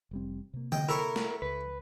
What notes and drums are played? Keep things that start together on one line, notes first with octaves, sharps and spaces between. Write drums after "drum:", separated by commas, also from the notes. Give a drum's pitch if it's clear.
F1 G3 C4
C3 A#3
D#5 G5, drum: tom D3
E4 A4 A#4 C#5
drum: snare
C#2 B4